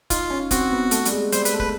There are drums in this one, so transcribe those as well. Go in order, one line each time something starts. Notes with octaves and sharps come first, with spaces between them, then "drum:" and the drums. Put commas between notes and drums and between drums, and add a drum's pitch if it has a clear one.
D#4 F4, drum: kick, hi-hat
C#4
C4 F#4, drum: kick, hi-hat
B3
A3, drum: hi-hat
G3, drum: hi-hat
G#3
G3 C5, drum: hi-hat
B4, drum: hi-hat
A3
B4, drum: kick